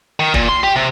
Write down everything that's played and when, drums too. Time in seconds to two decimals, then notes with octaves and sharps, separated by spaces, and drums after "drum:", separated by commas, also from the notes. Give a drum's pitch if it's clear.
0.20 D#3
0.34 A#2, drum: kick
0.49 C6
0.64 G4
0.76 C3